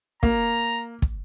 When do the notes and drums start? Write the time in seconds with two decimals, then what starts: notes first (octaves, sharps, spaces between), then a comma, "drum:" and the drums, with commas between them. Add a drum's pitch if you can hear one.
0.23 A#3 A#5, drum: kick
1.02 drum: kick